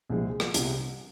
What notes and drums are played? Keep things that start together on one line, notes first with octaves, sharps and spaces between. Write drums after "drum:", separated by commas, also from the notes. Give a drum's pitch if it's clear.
C2 A#2 F3 G#3 G#4
drum: rim click
C2 C3 G3, drum: hi-hat